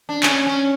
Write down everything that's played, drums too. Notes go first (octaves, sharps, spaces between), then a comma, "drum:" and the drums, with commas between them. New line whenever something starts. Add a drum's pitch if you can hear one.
D4
C#4, drum: clap
C#4